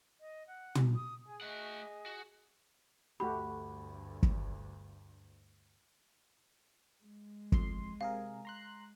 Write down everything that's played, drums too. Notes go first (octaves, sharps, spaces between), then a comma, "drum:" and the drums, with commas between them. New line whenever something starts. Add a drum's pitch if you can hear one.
D#5
F#5
drum: tom
D#6
G#4 G#5
A3 D#5 F#5
F#4
D2 G2 A3 F#4 G4 B5
drum: kick
G#3
F2 C6, drum: kick
C3 G#4 A#4 F5
A#5 C6 F#6